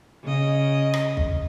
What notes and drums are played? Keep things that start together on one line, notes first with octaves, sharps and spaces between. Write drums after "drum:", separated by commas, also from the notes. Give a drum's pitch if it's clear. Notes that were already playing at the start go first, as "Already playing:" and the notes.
C#3 D#5
drum: rim click
drum: kick